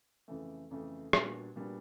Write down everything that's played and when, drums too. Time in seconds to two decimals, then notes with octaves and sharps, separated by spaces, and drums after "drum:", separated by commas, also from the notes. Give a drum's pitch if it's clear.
0.28 F2 C#3 E3 A3
0.70 F2 C#3 E3 A3
1.13 A#2 G3 B3 D4 F#4, drum: rim click
1.56 A#2 G3 B3 D4 F#4